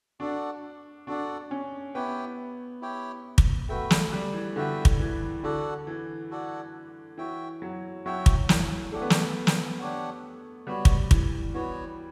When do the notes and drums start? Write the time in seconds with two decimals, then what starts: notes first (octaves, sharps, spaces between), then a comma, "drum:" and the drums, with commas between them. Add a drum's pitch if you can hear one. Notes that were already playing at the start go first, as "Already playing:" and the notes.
0.20 D4 F#4 A4 D5 F#5
1.07 D4 F#4 A4 D5 F#5
1.51 C#4
1.94 B3 E4 G4 C#5 G5
2.81 E4 G4 C#5 G5
3.38 drum: kick
3.69 A3 B3 F#4 B4 E5 G5
3.91 A3, drum: snare
4.13 G3
4.34 E3
4.56 D3 B3 F#4 B4 E5 G5
4.85 drum: kick
4.99 E3
5.43 D3 F#4 A4 D5 F#5
5.87 E3
6.30 F#4 A4 D5 F#5
7.18 E3 F#4 C#5 E5 G5
7.62 F#3
8.05 F#3 F#4 C#5 E5 G5
8.26 drum: kick
8.49 E3, drum: snare
8.92 A3 D4 G4 C#5 F#5
9.02 B3
9.10 A3, drum: snare
9.47 drum: snare
9.79 D4 G4 C#5 F#5
10.67 G3 B3 F#4 C#5
10.85 drum: kick
11.11 E3, drum: kick
11.54 E3 B3 F#4 C#5